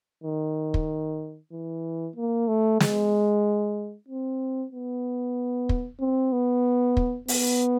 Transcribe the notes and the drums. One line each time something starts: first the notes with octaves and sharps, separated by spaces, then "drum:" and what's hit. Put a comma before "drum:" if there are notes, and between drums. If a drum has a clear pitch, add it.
D#3
drum: kick
E3
A#3
A3
G#3, drum: snare
C4
B3
drum: kick
C4
B3
drum: kick
B3, drum: open hi-hat